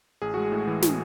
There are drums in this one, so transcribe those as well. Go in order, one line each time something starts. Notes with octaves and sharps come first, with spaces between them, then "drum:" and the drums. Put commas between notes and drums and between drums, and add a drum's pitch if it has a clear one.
A1 G#4
G#3 F#4
G#4
A2
E3
drum: snare